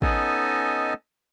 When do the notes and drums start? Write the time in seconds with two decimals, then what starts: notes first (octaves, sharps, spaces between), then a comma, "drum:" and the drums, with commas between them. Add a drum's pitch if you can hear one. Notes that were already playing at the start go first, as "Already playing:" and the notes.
0.02 B3 C#4 D#4 A4 D#5 G#5, drum: kick